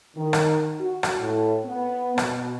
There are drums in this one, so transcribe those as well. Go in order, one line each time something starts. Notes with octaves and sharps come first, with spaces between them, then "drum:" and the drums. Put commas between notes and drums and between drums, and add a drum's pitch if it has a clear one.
D#3
drum: rim click
F#4
drum: rim click
A2
B3
B2, drum: rim click